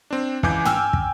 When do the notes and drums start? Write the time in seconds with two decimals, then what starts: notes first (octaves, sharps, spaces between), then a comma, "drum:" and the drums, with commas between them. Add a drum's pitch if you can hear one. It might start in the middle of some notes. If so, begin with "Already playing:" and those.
0.11 C4 D4
0.43 C#2 E3 G#5 D6 G6, drum: kick
0.65 G5 G#5 E6 F6, drum: tom
0.93 drum: kick